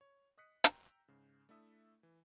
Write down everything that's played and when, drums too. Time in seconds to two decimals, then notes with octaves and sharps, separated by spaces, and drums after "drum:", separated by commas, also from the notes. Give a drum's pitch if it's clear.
0.01 C#5
0.38 D#5 D#6 F#6 B6 C#7
0.64 G5 A#5 E6 G6, drum: hi-hat
1.08 G#2 C#3
1.49 A3 D4 E4 A4 E5 D#6
2.03 E3